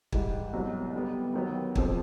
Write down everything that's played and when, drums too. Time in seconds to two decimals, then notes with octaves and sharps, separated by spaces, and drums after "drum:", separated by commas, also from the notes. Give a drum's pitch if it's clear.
0.12 G#2 E3 G3, drum: kick
0.53 C2 B2 F#3
0.94 D3 G3 B3
1.34 D#2 D#3 F#3 B3
1.75 F2 D3 F3 G#3 C4, drum: kick